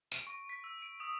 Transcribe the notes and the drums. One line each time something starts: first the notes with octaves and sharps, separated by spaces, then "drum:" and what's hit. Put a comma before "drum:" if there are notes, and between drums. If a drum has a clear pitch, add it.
D7, drum: tambourine
C#6
B6
E6
D7
D#6